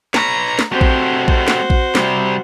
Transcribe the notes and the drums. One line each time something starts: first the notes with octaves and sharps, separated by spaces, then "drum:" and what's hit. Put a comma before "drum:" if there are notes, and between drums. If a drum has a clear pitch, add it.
B4 C#5 A#5, drum: snare
drum: snare
A3 C4 F#4 G4 C5
drum: kick A#1
C5, drum: kick A#1
drum: snare
drum: kick A#1
C3 G3, drum: snare